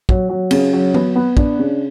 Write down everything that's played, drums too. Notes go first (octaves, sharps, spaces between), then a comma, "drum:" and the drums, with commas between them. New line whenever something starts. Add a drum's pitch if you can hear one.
F#3, drum: kick
F#3
C#3, drum: cymbal
F#3
B3, drum: tom
B3
D4, drum: kick
C#3